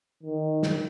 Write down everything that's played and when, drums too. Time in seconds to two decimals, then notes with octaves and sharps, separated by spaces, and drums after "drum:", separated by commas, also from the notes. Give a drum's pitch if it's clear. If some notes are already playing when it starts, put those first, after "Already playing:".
0.23 D#3
0.63 drum: snare